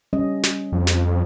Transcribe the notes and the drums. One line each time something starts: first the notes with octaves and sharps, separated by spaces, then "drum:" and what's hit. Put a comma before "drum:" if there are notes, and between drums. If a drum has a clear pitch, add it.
G3 C#4 D#5
drum: snare
F2
drum: snare